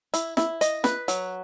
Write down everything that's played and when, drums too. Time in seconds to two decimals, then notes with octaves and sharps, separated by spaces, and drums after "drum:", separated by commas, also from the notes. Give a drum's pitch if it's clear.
0.14 E4, drum: hi-hat
0.37 E4, drum: snare
0.61 D#5, drum: hi-hat
0.84 B4, drum: snare
1.08 F#3, drum: hi-hat